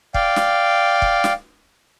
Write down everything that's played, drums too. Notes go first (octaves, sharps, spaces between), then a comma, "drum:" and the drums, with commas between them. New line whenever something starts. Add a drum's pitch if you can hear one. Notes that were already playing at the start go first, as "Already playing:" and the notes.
D5 F5 G5, drum: kick
drum: snare
drum: kick
drum: snare